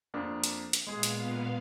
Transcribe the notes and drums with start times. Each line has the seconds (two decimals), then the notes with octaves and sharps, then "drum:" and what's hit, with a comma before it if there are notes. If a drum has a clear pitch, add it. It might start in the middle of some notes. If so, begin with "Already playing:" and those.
0.14 F2 A#3 D4
0.44 drum: hi-hat
0.73 drum: hi-hat
0.87 A#2 G#3 B3 G#4 F5
1.03 drum: hi-hat